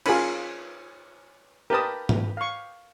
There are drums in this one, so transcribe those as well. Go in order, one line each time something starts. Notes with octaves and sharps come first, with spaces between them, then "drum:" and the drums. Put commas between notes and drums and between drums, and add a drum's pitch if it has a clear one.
C#4 F4 G#4 A#4 B5, drum: cymbal
G4 A#4 B4 A5 D#6
drum: tom G#2
F5 C#6